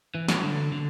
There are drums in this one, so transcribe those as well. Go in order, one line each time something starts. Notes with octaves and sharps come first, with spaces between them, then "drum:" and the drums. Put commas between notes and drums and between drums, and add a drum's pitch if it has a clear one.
E3
F#3, drum: snare
D3
D3